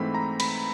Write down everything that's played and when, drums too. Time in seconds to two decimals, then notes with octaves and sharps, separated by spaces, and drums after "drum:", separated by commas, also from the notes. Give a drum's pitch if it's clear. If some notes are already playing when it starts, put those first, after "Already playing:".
Already playing: G#2 E3 A3 C4 B5
0.15 A#5
0.40 B5, drum: cymbal